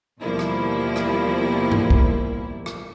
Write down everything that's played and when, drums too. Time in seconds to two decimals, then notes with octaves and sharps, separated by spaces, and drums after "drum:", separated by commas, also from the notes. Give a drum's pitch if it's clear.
0.20 D#2 B2 F3 G3 A#3 E4
0.39 drum: rim click
0.96 drum: rim click
1.72 drum: tom G2
1.90 drum: kick
2.66 drum: rim click